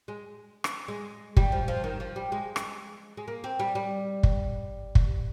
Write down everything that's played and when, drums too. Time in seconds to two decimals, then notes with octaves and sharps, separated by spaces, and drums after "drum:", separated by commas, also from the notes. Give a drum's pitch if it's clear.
0.08 G#3
0.64 drum: rim click
0.88 G#3
1.37 G3, drum: kick
1.52 F3
1.68 F3
1.84 D#3
2.00 F3
2.16 G3
2.32 G#3
2.56 drum: rim click
3.17 G#3
3.28 A#3
3.44 C4
3.59 G3
3.75 G3
4.23 drum: kick
4.95 drum: kick